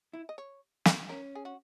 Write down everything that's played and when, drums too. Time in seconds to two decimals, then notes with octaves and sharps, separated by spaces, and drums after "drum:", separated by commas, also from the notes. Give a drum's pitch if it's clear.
0.13 E4
0.29 D#5
0.38 C#5
0.85 drum: snare
1.09 C#4 A#4
1.35 G#4
1.45 F#4